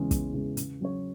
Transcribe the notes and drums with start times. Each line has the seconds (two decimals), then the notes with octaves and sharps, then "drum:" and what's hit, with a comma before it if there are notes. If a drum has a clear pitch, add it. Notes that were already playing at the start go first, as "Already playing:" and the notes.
Already playing: E2 C#3 E3 G#3 C#4
0.11 E2, drum: kick, hi-hat
0.34 C#3 E3 G#3 C#4
0.57 C#3, drum: hi-hat
0.81 F#3 C#4 F#4 C#5